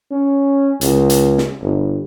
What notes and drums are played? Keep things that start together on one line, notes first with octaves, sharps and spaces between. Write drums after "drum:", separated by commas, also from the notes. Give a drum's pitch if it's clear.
C#4
C#2, drum: hi-hat
drum: hi-hat
drum: snare
G1